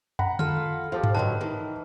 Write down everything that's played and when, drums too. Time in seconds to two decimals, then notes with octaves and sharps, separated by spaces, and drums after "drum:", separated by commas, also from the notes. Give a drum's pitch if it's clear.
0.19 F#5 A#5 B5, drum: tom
0.39 F4 A4 F6, drum: tom D3
0.92 F3 G4 A4 F5
1.04 drum: tom G2
1.15 D3 F3 F#3 B4 D#5 G5 A5
1.41 D#3 E3